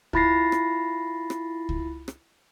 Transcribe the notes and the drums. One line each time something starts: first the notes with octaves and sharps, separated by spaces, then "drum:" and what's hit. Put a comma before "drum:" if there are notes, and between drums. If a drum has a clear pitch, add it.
E4 F4 B5 A6 A#6 C7, drum: kick C#2
drum: rim click
drum: rim click
drum: kick C#2
drum: rim click